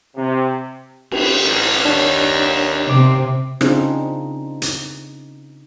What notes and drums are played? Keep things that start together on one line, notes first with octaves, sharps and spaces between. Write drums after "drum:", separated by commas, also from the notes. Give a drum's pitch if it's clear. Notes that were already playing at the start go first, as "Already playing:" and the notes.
C3
drum: cymbal
A1
D#2 D4 C#5
C3 D6
C#3 C4 D4 D#4 F4 G#4, drum: rim click
drum: hi-hat